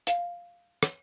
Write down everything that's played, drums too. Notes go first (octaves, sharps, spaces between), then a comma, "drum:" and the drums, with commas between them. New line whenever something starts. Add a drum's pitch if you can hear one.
F5, drum: hi-hat
drum: rim click